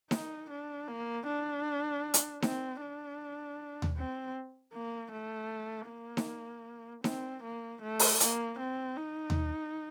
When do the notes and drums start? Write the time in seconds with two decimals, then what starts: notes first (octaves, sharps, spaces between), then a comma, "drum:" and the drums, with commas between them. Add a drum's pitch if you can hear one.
0.11 D#4, drum: snare D#4
0.50 D4
0.88 A#3
1.26 D4
2.14 drum: hi-hat
2.42 C4, drum: snare D#4
2.81 D4
3.82 drum: tom D#2
3.97 C4
4.73 A#3
5.12 A3
5.89 A#3
6.17 drum: snare D#4
7.04 C4, drum: snare D#4
7.43 A#3
7.82 A3
7.99 drum: open hi-hat
8.20 A#3, drum: hi-hat
8.59 C4
8.97 D#4
9.30 drum: tom D#2